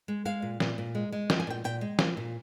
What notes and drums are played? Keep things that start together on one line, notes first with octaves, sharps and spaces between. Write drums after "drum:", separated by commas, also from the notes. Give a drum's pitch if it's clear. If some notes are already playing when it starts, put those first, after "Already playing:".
G#3
G#3 F5
A#2
A#2, drum: snare
A#2
G#3
G#3
F3 G5, drum: snare
G#5
A#2 G5
A#2 G5
G#3
F3 F5, drum: snare
A#2